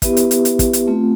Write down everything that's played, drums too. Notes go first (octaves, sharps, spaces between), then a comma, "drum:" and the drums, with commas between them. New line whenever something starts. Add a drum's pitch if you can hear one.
B3 E4 G4 B4 E5, drum: kick, hi-hat
drum: hi-hat
drum: hi-hat
drum: hi-hat
drum: kick, hi-hat
drum: hi-hat
A3 C4 F4